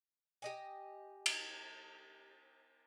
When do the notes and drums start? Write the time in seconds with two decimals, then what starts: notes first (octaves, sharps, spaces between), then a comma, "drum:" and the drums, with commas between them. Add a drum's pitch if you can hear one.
0.42 G4 D#5 G#5
1.26 drum: cymbal